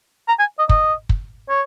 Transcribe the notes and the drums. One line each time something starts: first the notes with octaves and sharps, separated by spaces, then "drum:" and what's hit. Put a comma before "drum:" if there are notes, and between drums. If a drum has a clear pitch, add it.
A#5
G#5
D#5
D#5, drum: kick
drum: kick
C#5